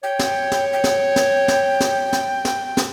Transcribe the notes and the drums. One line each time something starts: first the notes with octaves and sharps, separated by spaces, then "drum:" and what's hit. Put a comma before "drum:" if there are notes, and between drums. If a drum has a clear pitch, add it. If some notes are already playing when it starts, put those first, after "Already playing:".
C#5 G5
drum: snare
drum: snare
G5
drum: snare
drum: snare
drum: snare
drum: snare
drum: snare
drum: snare
drum: snare